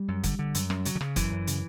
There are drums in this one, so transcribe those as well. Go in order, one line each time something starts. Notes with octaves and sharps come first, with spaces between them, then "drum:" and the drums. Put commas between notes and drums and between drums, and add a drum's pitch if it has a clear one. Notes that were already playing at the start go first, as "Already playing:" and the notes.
Already playing: G3
F#2
D3, drum: kick, hi-hat
D3
F#2, drum: hi-hat
F#2, drum: rim click
C#3 F#3, drum: hi-hat
D3
C#3, drum: rim click
F#2 E3, drum: kick, hi-hat
F#2
C#3, drum: hi-hat